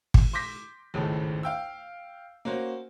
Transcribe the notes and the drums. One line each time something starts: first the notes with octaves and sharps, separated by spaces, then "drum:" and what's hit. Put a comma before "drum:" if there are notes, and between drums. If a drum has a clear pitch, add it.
drum: kick G#1
C6 D6 G6 A#6 B6
G#1 C#2 A2 C#3 C#4 A4
F5 G5 E6
A#3 C#4 F#4 C5